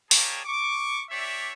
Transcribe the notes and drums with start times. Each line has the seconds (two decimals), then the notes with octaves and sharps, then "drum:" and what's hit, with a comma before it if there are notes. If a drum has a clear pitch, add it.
0.11 G3 A#3 G4 G#4 C#5 A5, drum: open hi-hat
0.46 C#6 D6
1.10 D4 G4 C#5 D5 E5